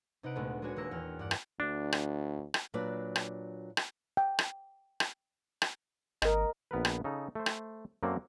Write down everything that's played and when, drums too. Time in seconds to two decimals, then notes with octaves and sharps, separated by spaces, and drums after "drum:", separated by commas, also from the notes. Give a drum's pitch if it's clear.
0.23 C3 D#4 B4 F#5 D7
0.36 D2 A#2 D3 G#3 A3 B3
0.62 G#3 B3 D4 F#4 C#5 G#5
0.76 D#1 A#3 E6 A#6 C#7
0.91 E2 F#5 G5 F6
1.19 G2 D5 F#5 D6
1.31 drum: rim click
1.60 D2 D4
1.92 drum: rim click
2.54 drum: rim click
2.74 A#2 F#3 D4 B4 D5
3.16 drum: rim click
3.77 drum: rim click
4.17 G5
4.39 drum: rim click
5.00 drum: rim click
5.62 drum: rim click
6.22 G#1 A#4 D#5, drum: rim click
6.71 A#1 B3 A#4 B4
6.85 drum: rim click
7.04 C#3 D#4 A4
7.35 A3 C5
7.46 drum: rim click
8.03 F#2 F#3 A#3 C4 A4 D5